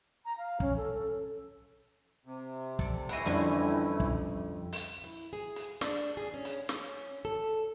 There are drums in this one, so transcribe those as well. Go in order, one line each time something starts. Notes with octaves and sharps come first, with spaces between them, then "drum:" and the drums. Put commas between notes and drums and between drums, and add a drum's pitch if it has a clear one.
A#5
F5
C#4, drum: kick
A4
A4
C3
A4 D5, drum: kick
E3 A3 E4 D#5 F#5 A#6 C7 D7, drum: hi-hat
F2 D3 G3 C#4 G#4 D#7
drum: kick
drum: open hi-hat
E4
G#4
drum: hi-hat
D4, drum: snare
G#4
C#4
drum: hi-hat
C#4, drum: snare
A4